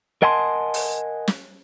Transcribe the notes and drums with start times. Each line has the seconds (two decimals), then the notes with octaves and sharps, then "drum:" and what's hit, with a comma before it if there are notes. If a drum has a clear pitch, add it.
0.22 A#4 D#5 F#5 G#5 A5 C6
0.74 drum: open hi-hat
1.28 drum: snare